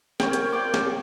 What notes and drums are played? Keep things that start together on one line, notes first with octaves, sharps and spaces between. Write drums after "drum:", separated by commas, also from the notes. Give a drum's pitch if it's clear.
A#4 C#5 G5, drum: snare
drum: hi-hat
F4 D5 G5 D6
drum: snare